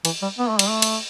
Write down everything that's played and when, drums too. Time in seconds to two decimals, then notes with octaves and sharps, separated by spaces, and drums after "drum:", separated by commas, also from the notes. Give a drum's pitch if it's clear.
0.05 E3, drum: cymbal
0.22 G3
0.39 B3
0.49 A3
0.59 G3, drum: cymbal
0.69 A3
0.82 drum: cymbal